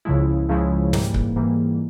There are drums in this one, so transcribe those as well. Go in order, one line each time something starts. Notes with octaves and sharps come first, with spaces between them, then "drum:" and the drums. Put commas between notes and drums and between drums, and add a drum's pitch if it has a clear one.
C#2 C#3 F3 G#3 E4
C#2 C#3 F3 G#3 E4
G#2 E3 G3 A#3, drum: snare
drum: kick C#1
G#2 E3 G3 A#3